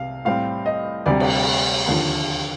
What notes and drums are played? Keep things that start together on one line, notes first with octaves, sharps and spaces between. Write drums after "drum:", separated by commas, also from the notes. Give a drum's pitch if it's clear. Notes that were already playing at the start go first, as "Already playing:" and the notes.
Already playing: C2 C3 F5
A2 G3 C4 F5
D#5
D2 C3 G3 D5
drum: cymbal
D#2 D3 F3